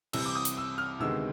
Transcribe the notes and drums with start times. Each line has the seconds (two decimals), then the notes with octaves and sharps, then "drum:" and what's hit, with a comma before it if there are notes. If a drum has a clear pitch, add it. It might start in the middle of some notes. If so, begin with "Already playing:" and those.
0.13 C2 C3 E3 G3 C4 E6, drum: cymbal
0.26 D6
0.35 D#6
0.45 drum: hi-hat
0.58 E6
0.78 F6
1.00 D2 C3 D#3 G#3 B3 E6